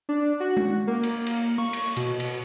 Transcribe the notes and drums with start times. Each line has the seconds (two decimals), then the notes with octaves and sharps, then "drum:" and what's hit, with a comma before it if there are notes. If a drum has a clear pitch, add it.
0.09 D4
0.40 F#4
0.57 drum: tom G#3
0.87 A#3
1.03 drum: cymbal
1.27 drum: cymbal
1.58 C#6
1.73 drum: cymbal
1.96 B2, drum: cymbal
2.20 drum: cymbal